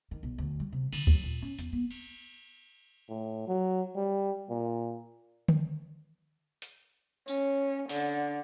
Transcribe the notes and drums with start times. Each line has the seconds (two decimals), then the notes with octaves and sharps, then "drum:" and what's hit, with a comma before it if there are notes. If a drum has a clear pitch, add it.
0.11 D#3
0.23 B1
0.38 D2
0.60 G3
0.73 C3
0.93 D3, drum: cymbal
1.07 F#3, drum: kick D2
1.23 A#2
1.42 C#4
1.59 E2, drum: hi-hat
1.73 B3
1.91 drum: cymbal
3.10 A2
3.47 F#3
3.95 G3
4.50 A#2
5.48 drum: tom D3
6.62 drum: hi-hat
7.28 C#4, drum: tambourine
7.89 D3, drum: open hi-hat